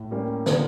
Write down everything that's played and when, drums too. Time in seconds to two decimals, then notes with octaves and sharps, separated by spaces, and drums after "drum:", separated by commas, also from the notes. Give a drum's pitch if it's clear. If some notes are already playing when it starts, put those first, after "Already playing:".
Already playing: A2
0.11 G3 A#3 C#4
0.46 D3, drum: snare